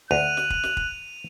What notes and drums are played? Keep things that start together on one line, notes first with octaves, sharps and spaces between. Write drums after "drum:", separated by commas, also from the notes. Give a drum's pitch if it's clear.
D2 F#6 D#7 F7
drum: snare
drum: kick
drum: snare
drum: kick